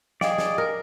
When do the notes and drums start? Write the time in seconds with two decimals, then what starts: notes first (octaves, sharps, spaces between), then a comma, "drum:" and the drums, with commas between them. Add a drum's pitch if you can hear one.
0.21 G#4 D5 D#5 F5 G5, drum: snare
0.38 drum: snare
0.58 A#4